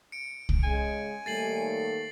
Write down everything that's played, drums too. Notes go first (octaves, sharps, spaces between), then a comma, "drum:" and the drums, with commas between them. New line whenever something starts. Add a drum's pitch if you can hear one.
C#7 D7
drum: kick C2
C#3 G#3 G#5
D#2 G3 A3 A6 C7 F#7